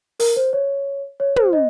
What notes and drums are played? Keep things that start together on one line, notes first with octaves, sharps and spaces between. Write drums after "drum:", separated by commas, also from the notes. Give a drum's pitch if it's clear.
A#4, drum: open hi-hat
C5
C#5
C#5
C5, drum: tom
D#5